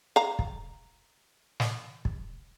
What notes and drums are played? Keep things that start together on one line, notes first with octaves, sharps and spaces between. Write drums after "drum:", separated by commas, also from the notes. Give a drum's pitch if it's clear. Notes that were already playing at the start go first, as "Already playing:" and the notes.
F5 A#5
drum: kick
drum: snare
drum: kick